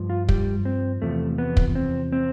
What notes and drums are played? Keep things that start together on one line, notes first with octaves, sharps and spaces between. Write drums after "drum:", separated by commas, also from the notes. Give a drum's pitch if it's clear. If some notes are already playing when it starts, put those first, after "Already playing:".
Already playing: G2 F3
F4
G3, drum: kick
C4
E2 C3 F3 A3
B3
drum: kick
C4
C4